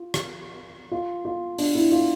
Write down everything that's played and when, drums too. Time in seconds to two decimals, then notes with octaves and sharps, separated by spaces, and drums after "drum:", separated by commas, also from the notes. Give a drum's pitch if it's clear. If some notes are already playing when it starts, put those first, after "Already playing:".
Already playing: F4
0.14 drum: rim click
0.91 F4
1.25 F4
1.58 D4, drum: open hi-hat
1.75 E4
1.92 F4